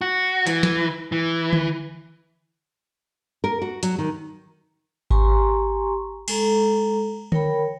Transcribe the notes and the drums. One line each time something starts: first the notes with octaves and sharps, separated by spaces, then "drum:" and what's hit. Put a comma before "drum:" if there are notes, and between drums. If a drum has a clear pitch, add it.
F#4
E3, drum: hi-hat
drum: snare
E3
drum: tom D3
A#4
F#4
F#3, drum: hi-hat
D#3
G4 G#5 A#5 C6 C#6, drum: kick G#1
G#3 A4 A#5, drum: cymbal
A#4 C#5 G5 B5, drum: tom D3